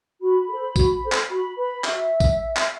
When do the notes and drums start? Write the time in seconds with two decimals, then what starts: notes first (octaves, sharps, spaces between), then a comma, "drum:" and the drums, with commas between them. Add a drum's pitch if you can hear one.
0.22 F#4 B5
0.49 A4 C5
0.76 F#4, drum: kick, tambourine
1.03 A4 C5
1.12 drum: clap
1.30 F#4 B5
1.57 B4 B5
1.84 F#4 E5, drum: clap
2.20 drum: kick, tambourine
2.56 drum: clap